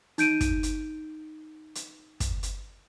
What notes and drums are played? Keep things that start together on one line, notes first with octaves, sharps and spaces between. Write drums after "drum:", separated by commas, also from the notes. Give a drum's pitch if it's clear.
D#4 G6 D7 D#7, drum: hi-hat
drum: kick, hi-hat
drum: hi-hat
drum: hi-hat
drum: kick, hi-hat
drum: hi-hat